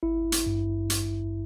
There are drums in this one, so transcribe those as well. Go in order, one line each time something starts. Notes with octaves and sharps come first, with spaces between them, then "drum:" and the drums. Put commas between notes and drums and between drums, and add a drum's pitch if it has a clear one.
G#1 E4
drum: hi-hat
G2
drum: hi-hat